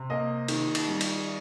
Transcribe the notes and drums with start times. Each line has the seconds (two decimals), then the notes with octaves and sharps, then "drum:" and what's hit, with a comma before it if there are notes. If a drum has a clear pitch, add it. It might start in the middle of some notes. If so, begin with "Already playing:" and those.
Already playing: C3
0.10 A#3 D#5
0.48 D#3, drum: cymbal
0.75 drum: cymbal
0.88 G3
1.01 drum: cymbal